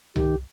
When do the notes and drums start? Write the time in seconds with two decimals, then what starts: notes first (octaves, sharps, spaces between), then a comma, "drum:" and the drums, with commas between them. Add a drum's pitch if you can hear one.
0.16 D#3 G4, drum: tom C2